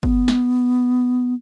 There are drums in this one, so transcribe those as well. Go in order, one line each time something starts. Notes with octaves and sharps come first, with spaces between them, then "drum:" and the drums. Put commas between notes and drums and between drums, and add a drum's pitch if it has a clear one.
B3, drum: kick
drum: snare